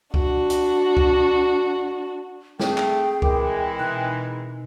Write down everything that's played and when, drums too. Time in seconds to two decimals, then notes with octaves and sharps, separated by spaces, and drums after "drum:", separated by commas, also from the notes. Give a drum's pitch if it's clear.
0.14 D4 F#4, drum: kick C#2
0.50 drum: hi-hat
0.97 drum: kick C#2
2.60 A3 C4 G#4 G5, drum: snare
2.78 drum: clap
3.22 E3 G#3 A#4 D6, drum: kick C#2
3.79 B2 D#4 F#6